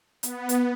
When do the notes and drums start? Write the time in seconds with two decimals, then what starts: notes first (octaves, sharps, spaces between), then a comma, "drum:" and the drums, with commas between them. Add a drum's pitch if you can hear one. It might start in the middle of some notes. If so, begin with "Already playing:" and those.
0.23 B3, drum: hi-hat
0.49 drum: hi-hat